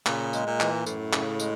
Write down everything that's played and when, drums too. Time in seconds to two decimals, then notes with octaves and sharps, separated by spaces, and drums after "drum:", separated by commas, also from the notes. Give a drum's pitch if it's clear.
0.06 A#2 C#3, drum: clap
0.33 G#3, drum: tambourine
0.47 A#2
0.60 E3, drum: clap
0.86 F#2 A2, drum: tambourine
1.13 C#3, drum: clap
1.40 G#3, drum: tambourine